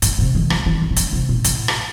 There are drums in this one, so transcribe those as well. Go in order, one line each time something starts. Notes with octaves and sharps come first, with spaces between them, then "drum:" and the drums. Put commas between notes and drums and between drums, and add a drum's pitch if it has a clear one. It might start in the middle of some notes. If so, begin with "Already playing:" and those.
A2, drum: hi-hat
C3
D#3
F3, drum: rim click
D#3
D#3
C3
D3, drum: hi-hat
C3
A#2
A2, drum: hi-hat
drum: rim click